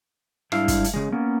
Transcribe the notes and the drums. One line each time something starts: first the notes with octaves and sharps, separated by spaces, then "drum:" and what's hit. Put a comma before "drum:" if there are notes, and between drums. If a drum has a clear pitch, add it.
G#2 G3 D4 E4 F5, drum: rim click
drum: kick, hi-hat
drum: hi-hat
C#3 G#3
A#3 B3 C#4